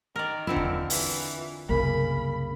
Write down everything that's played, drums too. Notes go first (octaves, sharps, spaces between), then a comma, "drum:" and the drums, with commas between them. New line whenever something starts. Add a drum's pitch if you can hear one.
D#3 A#4 D5
D3 C4 D4 E4 F4
drum: kick E2
E3, drum: open hi-hat
C2 F#2 C#3 A#3 B5